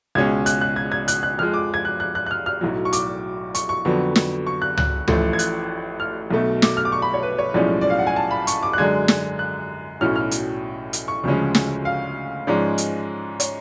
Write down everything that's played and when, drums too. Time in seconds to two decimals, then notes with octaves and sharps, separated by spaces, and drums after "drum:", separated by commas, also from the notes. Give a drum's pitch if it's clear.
0.15 C#2 B2 G#3 C#4 G#6
0.46 F#6, drum: hi-hat
0.61 F#6
0.76 G#6
0.92 G#6
1.08 F#6, drum: hi-hat
1.23 F#6
1.38 F2 F3 G#3 F6
1.54 D6
1.74 G#6
1.85 F#6
2.00 F#6
2.15 F#6
2.26 F#6
2.31 F6
2.46 F6
2.61 B1 A2 F#3
2.85 C#6
2.93 D6, drum: hi-hat
3.55 C#6, drum: hi-hat
3.69 C#6
3.85 F2 D3 F#3 B3
4.16 drum: snare
4.47 C#6
4.62 F#6
4.77 F#6, drum: tom C#2
5.08 A1 A2 F3 A3, drum: tom C#2
5.33 G#6
5.39 F#6, drum: hi-hat
6.00 F6
6.30 B1 B2 A3
6.62 D6, drum: snare
6.77 F6
6.85 D6
6.92 C#6
7.02 B5
7.14 C#5
7.23 B4
7.38 C#5
7.54 B1 A2 F3 G#3 C#4 D5
7.81 D5
7.90 F5
7.99 F#5
8.07 G#5
8.16 A5
8.31 B5
8.47 C#6, drum: hi-hat
8.63 D6
8.73 F#6
8.78 F#2 D3 G#3 D4 G#6
9.08 drum: snare
9.39 F#6
10.01 B1 A2 F#3 C#4 F6
10.16 F6
10.31 drum: hi-hat
10.93 drum: hi-hat
11.08 C#6
11.24 D2 C#3 F3 G#3 C#4
11.55 drum: snare
11.85 F5
12.47 G#2 F3 G#3 C#4 D5
12.78 drum: hi-hat
13.40 C#5, drum: hi-hat